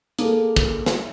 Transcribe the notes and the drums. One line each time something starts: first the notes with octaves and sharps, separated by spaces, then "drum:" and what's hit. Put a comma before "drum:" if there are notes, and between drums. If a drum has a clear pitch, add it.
A#3 G#4 A4, drum: hi-hat
drum: kick
drum: snare